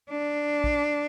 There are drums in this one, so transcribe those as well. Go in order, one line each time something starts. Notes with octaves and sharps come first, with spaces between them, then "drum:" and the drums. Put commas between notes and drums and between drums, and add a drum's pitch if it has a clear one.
D4
drum: kick A#1